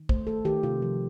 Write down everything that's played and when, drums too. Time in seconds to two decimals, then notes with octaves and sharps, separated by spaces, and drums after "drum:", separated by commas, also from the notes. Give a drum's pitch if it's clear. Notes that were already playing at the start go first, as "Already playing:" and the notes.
Already playing: D#3
0.09 A3 C5, drum: kick
0.27 A3 A4
0.45 D#3 G4
0.63 C3 F4
0.82 F3